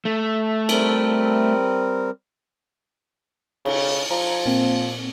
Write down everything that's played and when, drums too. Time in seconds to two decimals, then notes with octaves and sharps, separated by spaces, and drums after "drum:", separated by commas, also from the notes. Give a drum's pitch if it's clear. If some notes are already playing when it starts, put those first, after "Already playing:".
0.05 A3
0.69 G3 C4 A#4, drum: cymbal
3.65 C#3, drum: cymbal
4.11 F3 A#5
4.46 A#2 A#3 C4